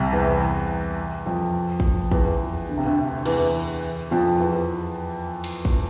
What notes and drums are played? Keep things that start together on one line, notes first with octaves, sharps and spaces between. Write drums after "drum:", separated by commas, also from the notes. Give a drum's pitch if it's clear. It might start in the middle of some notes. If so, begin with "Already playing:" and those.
Already playing: C2 C3
E2 E3
F2 F3
drum: kick
E2 E3, drum: kick
D3
C3
D2 D3
E2 E3, drum: cymbal
F2 F3
E2 E3
drum: cymbal
drum: kick